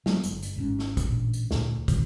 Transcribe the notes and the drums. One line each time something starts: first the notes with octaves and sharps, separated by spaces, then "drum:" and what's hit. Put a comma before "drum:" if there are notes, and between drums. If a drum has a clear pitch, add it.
F#3 G#3 A#3 B3, drum: snare
G1, drum: hi-hat
drum: hi-hat
G#1 G#2 C#4
drum: snare
drum: kick, hi-hat
A1 A#2 D4
drum: hi-hat
D2 A#2, drum: snare
C#2 A#2 D#3 E3, drum: kick, hi-hat